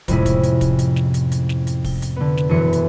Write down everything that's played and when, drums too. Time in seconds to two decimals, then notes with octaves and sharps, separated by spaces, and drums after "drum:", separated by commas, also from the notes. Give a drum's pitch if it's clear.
0.08 F2 A2 C3 G#3 C#4 E4, drum: kick, hi-hat
0.26 drum: kick, hi-hat
0.43 drum: hi-hat
0.61 drum: kick, hi-hat
0.79 drum: hi-hat
0.96 drum: snare
1.14 drum: hi-hat
1.32 drum: hi-hat
1.49 drum: snare
1.67 drum: hi-hat
1.84 drum: kick, open hi-hat
2.02 drum: hi-hat
2.16 D3 B3
2.37 drum: snare
2.49 E1 F#2 E3 G#4 C#7
2.73 drum: hi-hat